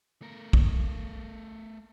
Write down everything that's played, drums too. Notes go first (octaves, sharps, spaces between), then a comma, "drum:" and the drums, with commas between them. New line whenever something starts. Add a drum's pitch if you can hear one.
A3 A#4
drum: kick